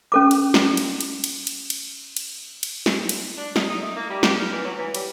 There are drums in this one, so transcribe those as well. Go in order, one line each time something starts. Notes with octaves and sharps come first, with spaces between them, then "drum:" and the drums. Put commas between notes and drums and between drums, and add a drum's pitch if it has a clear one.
C#4 A4 D6
drum: cymbal
drum: snare
drum: cymbal
drum: cymbal
drum: cymbal
drum: cymbal
drum: cymbal
drum: cymbal
drum: cymbal
drum: snare
drum: cymbal
D4
D#4, drum: snare
D#4
A3
A#3
G3
G4, drum: snare
A#4
E3
F#3
E3
G3, drum: cymbal